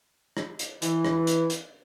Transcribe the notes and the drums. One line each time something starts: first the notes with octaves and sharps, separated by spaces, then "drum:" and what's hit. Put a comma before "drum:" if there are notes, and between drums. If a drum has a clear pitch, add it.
drum: rim click
drum: hi-hat
E3, drum: hi-hat
drum: rim click
drum: hi-hat
drum: hi-hat